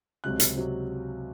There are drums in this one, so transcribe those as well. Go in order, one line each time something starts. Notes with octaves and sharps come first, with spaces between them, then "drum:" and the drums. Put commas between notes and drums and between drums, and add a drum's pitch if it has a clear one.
C#2 C3 F#3 C4 F#6
drum: hi-hat
C3 F#3 C4